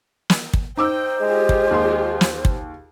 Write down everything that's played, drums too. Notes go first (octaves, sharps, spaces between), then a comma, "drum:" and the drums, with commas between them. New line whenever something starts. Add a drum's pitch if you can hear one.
drum: snare
drum: kick
D#4 C5 G5 D6 E6
G#3 F4 G4 G#4
drum: kick
D#2 C6
drum: snare
drum: kick